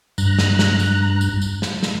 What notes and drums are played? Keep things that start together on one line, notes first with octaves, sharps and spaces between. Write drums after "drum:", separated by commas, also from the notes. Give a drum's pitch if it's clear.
G2 A#5 F#6, drum: tambourine
drum: snare
drum: snare
drum: tambourine
drum: tambourine
drum: tambourine
drum: snare
drum: snare